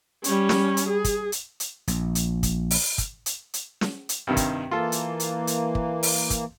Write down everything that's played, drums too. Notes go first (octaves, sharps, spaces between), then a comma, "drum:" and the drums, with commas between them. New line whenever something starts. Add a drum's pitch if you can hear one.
G3 C#4, drum: hi-hat
drum: snare
drum: hi-hat
G#4
drum: kick, hi-hat
drum: hi-hat
drum: hi-hat
A#1, drum: hi-hat
drum: hi-hat
drum: kick, hi-hat
drum: open hi-hat
drum: kick, hi-hat
drum: hi-hat
drum: hi-hat
drum: snare
drum: hi-hat
G2 C3 D#3
drum: kick, hi-hat
E3 A#3 F4 A4
drum: hi-hat
drum: hi-hat
drum: hi-hat
drum: kick
drum: open hi-hat
drum: kick, hi-hat